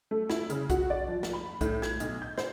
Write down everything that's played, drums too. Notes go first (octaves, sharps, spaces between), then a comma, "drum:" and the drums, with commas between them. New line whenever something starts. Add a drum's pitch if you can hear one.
A3
E4, drum: snare
C#3, drum: hi-hat
F#4, drum: kick B1, hi-hat
D5
F3
drum: snare
B5
A2, drum: kick B1, hi-hat
G#6, drum: snare
B1, drum: hi-hat
G6
C5, drum: snare